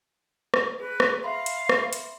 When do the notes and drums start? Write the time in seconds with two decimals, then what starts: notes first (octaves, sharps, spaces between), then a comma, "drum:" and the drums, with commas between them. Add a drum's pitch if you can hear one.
0.54 drum: rim click
0.80 G#4 B4
1.00 drum: rim click
1.23 E5 F5 B5 C6
1.46 drum: hi-hat
1.69 drum: rim click
1.93 drum: hi-hat